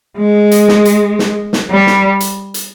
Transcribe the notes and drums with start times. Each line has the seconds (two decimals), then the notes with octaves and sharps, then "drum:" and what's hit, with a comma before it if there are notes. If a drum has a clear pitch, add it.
0.17 G#3
0.51 drum: hi-hat
0.68 drum: snare
0.85 drum: hi-hat
1.19 drum: snare
1.53 drum: snare
1.69 G3
1.87 drum: snare
2.20 drum: hi-hat
2.54 drum: hi-hat